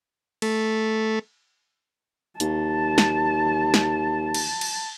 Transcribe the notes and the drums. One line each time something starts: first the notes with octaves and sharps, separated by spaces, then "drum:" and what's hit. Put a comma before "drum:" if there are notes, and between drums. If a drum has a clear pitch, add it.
A3, drum: cymbal
D#2 A5, drum: hi-hat
drum: snare
drum: snare
drum: cymbal
drum: cymbal